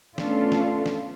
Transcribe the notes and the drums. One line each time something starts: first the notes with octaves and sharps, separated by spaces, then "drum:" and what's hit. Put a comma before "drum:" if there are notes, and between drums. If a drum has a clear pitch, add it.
A3 B3 C#4 D4 F4 A4, drum: snare
drum: snare
drum: snare